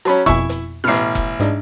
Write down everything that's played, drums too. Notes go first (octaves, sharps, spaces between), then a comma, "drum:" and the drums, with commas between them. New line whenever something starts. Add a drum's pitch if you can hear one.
F#3 C#4 A5 B5, drum: hi-hat
F2 B2 E4 E5 G#5 C#6, drum: kick F1
drum: hi-hat
A1 B2 F6 C7
drum: hi-hat
drum: kick F1
G#2 D4 D#4, drum: hi-hat